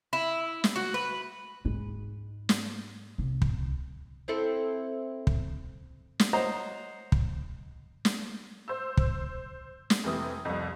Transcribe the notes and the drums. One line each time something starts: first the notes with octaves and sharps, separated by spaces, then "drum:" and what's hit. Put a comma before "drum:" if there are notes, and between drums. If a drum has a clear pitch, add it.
E4
drum: snare
F#4
B4
G#2 G#3
drum: snare
C2
drum: kick
C4 E4 A4
drum: kick
drum: snare
C5 C#5 D#5 F#5 A#5
drum: kick
drum: snare
C5 E6
drum: kick
drum: snare
F1 C3 E3 D#6
C2 F2